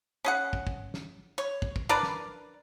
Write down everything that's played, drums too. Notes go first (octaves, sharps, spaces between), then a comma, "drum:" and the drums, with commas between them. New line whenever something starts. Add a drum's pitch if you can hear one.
C#4 G#4 F#5
drum: kick
drum: kick
drum: snare
C#5
drum: kick
drum: kick
D4 A#4 B4 D5
drum: snare